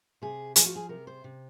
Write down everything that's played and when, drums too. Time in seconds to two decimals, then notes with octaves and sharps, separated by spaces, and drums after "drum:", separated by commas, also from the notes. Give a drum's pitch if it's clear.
0.22 C3 G#4
0.56 F3 G#4, drum: hi-hat
0.66 F#4
0.76 G#4
0.89 C3 A#4
1.07 C5
1.24 C3